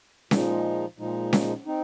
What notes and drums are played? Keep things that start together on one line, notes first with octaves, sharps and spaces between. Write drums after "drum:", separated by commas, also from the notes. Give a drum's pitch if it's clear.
A#2 F3 G#3 D#4, drum: snare C#4
A#2 F3 G#3 D#4
drum: snare C#4
C4 D#4